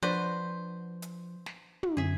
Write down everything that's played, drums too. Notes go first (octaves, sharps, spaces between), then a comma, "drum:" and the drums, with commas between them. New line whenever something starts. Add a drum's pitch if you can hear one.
F3 D4 F#4 B4 C5
drum: hi-hat
drum: snare
drum: tom
F#2 D3 G#4 E5